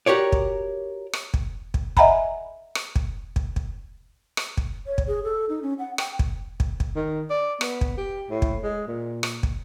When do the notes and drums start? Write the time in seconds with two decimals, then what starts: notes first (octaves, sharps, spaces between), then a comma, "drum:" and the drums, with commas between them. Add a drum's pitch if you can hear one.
0.06 F#4 G4 A#4 C#5 D5
0.32 drum: kick
1.13 drum: rim click
1.34 drum: kick
1.74 drum: kick
1.97 D#5 E5 F#5 G#5 A#5 B5, drum: kick
2.75 drum: rim click
2.96 drum: kick
3.36 drum: kick
3.56 drum: kick
4.37 drum: rim click
4.57 drum: kick
4.87 C#5
4.98 drum: kick
5.07 G#4
5.24 A4
5.49 D#4
5.62 C#4
5.79 F#5
5.98 G5, drum: rim click
6.19 drum: kick
6.60 drum: kick
6.80 drum: kick
6.95 D#3
7.30 D5
7.61 B3, drum: rim click
7.81 drum: kick
7.97 G4
8.30 A2
8.42 drum: kick
8.63 G#3
8.87 A#2
9.23 drum: rim click
9.43 drum: kick